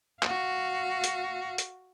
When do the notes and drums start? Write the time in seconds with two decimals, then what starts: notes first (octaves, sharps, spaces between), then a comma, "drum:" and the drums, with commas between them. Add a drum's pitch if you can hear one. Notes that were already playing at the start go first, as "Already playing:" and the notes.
0.23 F#4 F5, drum: clap
1.04 drum: hi-hat
1.58 drum: hi-hat